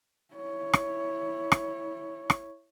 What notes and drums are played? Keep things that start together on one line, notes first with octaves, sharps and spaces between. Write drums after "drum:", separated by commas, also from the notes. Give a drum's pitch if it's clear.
E4 C#5
drum: rim click
drum: rim click
drum: rim click